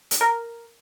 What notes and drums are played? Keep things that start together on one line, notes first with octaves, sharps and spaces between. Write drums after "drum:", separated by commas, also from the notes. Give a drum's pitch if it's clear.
drum: hi-hat
A#4